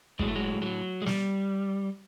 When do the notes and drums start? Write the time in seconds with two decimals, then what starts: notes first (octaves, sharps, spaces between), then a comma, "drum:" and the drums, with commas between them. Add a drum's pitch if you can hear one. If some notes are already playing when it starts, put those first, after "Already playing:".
0.19 A2 F#3 G#3, drum: kick
0.27 A3
0.35 F#3 G#3
0.62 F#3
1.02 G#3
1.06 G3, drum: snare